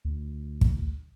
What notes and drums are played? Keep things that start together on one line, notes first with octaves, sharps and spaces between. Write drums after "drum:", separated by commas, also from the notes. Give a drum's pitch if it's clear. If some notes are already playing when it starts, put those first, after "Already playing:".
D2
drum: kick